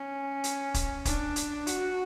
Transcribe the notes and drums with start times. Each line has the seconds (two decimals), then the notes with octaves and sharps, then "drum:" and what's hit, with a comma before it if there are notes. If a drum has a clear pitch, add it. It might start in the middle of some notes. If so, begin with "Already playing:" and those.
Already playing: C#4
0.44 drum: hi-hat
0.74 drum: kick, hi-hat
1.05 D4, drum: kick, hi-hat
1.36 drum: hi-hat
1.67 F#4, drum: hi-hat